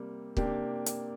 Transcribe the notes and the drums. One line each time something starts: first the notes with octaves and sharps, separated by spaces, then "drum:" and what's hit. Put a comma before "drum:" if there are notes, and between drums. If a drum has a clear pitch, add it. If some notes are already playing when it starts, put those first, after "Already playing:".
Already playing: C3 G3 A#3
C3 A#3 D4 G4, drum: kick
drum: hi-hat